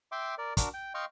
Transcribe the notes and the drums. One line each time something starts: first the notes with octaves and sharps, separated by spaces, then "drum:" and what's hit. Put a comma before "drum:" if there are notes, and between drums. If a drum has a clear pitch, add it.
E5 G5 C6 D6
A#4 D5
D4 F#4 A#4, drum: kick, hi-hat
G5
D#5 F5 G5 C6 C#6